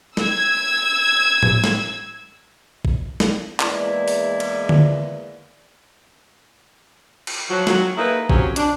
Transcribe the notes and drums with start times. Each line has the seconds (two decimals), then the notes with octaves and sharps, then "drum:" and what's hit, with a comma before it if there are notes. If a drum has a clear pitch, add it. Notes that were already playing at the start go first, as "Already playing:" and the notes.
0.17 E6 G#6, drum: snare
1.43 drum: tom A2
1.64 drum: snare
2.85 drum: kick
3.20 drum: snare
3.60 E2 E3 G#3 A#3 E4 D5, drum: clap
4.08 drum: open hi-hat
4.40 drum: cymbal
4.69 drum: tom D3
7.27 drum: cymbal
7.50 F3 F#3
7.67 F#3, drum: snare
7.97 A#3 D#4 E4 G#4 A4 B4
8.30 F2 F#3 C4 C#4 F#4 G4, drum: kick
8.56 D4, drum: hi-hat